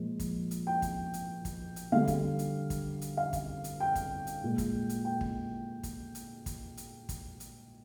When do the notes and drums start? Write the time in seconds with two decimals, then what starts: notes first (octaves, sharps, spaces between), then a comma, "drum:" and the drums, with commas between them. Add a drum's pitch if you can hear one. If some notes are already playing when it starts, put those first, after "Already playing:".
Already playing: A#2 F3 G#3
0.20 drum: kick, hi-hat
0.51 drum: hi-hat
0.67 G5
0.82 drum: kick, hi-hat
1.14 drum: hi-hat
1.45 drum: kick, hi-hat
1.76 drum: hi-hat
1.92 D3 G3 F5
2.08 drum: kick, hi-hat
2.39 drum: hi-hat
2.70 drum: kick, hi-hat
3.01 drum: hi-hat
3.17 F5
3.33 drum: kick, hi-hat
3.64 drum: hi-hat
3.80 G5
3.95 drum: kick, hi-hat
4.27 drum: hi-hat
4.43 A#2 G#3
4.58 drum: kick, hi-hat
4.89 drum: hi-hat
5.05 G5
5.21 drum: kick
5.83 drum: kick, hi-hat
6.15 drum: hi-hat
6.46 drum: kick, hi-hat
6.77 drum: hi-hat
7.09 drum: kick, hi-hat
7.40 drum: hi-hat